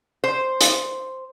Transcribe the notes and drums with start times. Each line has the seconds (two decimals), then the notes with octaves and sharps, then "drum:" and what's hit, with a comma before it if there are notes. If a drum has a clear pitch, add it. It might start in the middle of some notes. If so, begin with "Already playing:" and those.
0.24 C5
0.61 drum: hi-hat